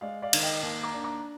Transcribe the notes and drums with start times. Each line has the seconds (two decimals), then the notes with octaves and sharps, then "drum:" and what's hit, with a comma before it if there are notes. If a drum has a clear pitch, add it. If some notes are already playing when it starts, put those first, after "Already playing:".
0.01 G#3 D5 F5
0.22 D5 F5
0.33 D#3, drum: cymbal
0.42 D#5 G5
0.63 D#2
0.83 A#5 D6
0.93 D4
1.04 A#5 D6